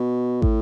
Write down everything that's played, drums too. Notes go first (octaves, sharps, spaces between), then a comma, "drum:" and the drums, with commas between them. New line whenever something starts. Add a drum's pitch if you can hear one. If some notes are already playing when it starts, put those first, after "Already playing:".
Already playing: B2
A2, drum: kick